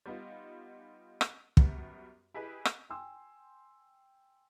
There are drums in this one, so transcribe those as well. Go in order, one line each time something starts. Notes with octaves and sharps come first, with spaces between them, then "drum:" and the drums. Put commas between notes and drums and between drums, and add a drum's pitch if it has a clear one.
G3 B3 D#4 F4
drum: rim click
F#2 G3 B3, drum: kick
E4 G4 G#4 B4 D#5
drum: rim click
G5 G#5 C6 E6